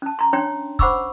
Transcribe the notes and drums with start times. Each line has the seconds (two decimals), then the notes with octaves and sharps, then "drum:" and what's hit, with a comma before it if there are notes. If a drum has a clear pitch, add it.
0.02 C#4 A5
0.19 A#5 C6
0.33 C#4 D4 C#5 G5 C6
0.79 C5 F#5 B5 C#6 D6 E6, drum: kick